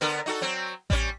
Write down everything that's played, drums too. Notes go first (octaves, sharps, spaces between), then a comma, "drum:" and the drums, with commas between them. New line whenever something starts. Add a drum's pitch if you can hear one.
D3 B3 A#4
D#4 F#4 A4
F#3 C4
G3 C#4, drum: kick A1